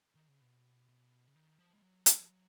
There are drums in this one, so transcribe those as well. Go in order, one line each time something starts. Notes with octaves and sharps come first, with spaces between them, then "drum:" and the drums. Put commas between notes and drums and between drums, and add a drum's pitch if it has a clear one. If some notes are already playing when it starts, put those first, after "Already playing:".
D#3
C#3
B2
B2
C#3
D#3
F3
G#3
F#3
G#3, drum: hi-hat
F3
F#3